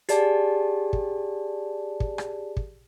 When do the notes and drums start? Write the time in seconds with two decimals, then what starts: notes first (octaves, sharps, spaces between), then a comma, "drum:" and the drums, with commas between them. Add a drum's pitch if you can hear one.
0.09 G4 G#4 D5 A5, drum: hi-hat
0.93 drum: kick
2.00 drum: kick
2.18 drum: rim click
2.57 drum: kick